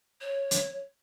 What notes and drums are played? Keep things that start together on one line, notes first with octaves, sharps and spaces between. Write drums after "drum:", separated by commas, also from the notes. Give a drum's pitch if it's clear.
C#5
drum: hi-hat